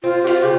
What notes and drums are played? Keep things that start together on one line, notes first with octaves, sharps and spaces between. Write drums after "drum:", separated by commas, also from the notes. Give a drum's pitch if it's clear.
C4 F4
G4
F4, drum: open hi-hat
C#3 G4